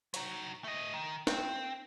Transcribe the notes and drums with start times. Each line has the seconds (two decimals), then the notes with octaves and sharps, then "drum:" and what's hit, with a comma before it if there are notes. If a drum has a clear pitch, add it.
0.14 F#3 D#4, drum: hi-hat
0.64 A3 D#5
0.94 D#3
1.27 C4, drum: snare